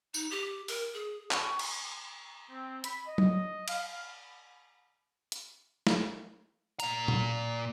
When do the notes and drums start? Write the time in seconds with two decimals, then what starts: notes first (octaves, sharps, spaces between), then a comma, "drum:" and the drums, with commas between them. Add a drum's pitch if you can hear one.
0.14 D#4, drum: tambourine
0.31 G4
0.68 A#4, drum: open hi-hat
0.94 G#4
1.31 C#6, drum: clap
1.59 drum: cymbal
2.50 C4
2.84 B5, drum: hi-hat
3.06 D#5
3.18 drum: tom F#3
3.68 F5, drum: cymbal
5.32 drum: hi-hat
5.87 drum: snare
6.80 A#2 A#5, drum: hi-hat
7.08 drum: tom A#2